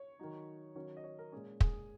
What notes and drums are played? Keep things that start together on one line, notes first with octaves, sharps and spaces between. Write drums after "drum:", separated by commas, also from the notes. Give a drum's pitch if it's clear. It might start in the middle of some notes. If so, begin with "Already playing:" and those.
Already playing: C#5
D#3 F#3 D#4
D#3 F#3 C#4
D#5
C#5
A#4
A#2 G#3 C#4 G#4
G#4, drum: kick